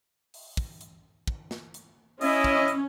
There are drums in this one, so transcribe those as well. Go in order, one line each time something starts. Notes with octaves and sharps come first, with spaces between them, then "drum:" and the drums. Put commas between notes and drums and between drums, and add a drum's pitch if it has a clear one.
drum: open hi-hat
drum: kick
drum: hi-hat
drum: kick
drum: snare
drum: hi-hat
C#4 E4 D#5, drum: open hi-hat
drum: kick
drum: hi-hat